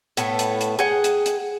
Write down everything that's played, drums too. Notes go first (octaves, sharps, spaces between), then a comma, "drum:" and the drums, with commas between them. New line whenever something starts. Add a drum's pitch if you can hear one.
A2 A3 B3, drum: hi-hat
drum: hi-hat
drum: hi-hat
G#4 F#5 G5
drum: hi-hat
drum: hi-hat